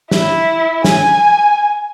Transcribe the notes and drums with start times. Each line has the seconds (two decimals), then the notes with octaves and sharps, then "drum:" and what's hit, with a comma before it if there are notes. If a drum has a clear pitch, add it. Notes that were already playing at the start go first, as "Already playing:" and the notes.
0.11 E4, drum: snare
0.84 G#5, drum: snare